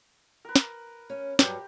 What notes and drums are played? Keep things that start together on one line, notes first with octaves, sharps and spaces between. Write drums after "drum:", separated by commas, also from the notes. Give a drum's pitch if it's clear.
A#4 B4
drum: snare
C#4
G2 F#3 G4, drum: snare